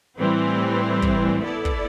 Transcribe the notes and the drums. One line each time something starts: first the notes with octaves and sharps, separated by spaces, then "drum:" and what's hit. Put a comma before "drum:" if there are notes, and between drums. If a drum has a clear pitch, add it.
A2 E3 G3 C4
drum: kick
B3 E4 A4 D5
drum: kick